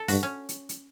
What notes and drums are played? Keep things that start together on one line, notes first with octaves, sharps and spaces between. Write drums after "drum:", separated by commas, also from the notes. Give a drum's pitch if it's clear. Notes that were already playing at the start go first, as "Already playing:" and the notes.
Already playing: A4
G2 F#4, drum: open hi-hat
C#4
drum: hi-hat
drum: hi-hat